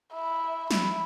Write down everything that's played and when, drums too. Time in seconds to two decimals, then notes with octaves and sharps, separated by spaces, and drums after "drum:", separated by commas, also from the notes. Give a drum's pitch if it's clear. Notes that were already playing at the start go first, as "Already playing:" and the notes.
0.14 E4
0.71 E4, drum: snare